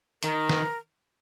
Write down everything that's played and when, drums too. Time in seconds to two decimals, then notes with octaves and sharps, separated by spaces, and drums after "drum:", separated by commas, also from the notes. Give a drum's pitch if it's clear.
0.23 D#3 A#4, drum: hi-hat
0.49 drum: snare